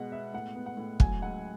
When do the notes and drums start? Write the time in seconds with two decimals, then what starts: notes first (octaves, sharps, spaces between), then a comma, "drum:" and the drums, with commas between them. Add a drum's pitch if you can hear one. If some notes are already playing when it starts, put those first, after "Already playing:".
Already playing: B2 G#3 F#5
0.12 B3 E5
0.33 A2 F#5
0.55 B3
0.66 F#5
0.77 A2
1.00 F#3 G#5, drum: kick
1.22 C#2 F#5